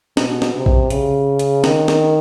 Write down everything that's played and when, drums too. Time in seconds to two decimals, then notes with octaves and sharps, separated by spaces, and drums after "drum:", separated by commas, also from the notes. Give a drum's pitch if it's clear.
0.17 B2, drum: snare
0.42 drum: snare
0.54 C3
0.66 drum: kick A#1
0.90 C#3, drum: hi-hat
1.39 drum: hi-hat
1.64 D#3, drum: snare
1.88 drum: snare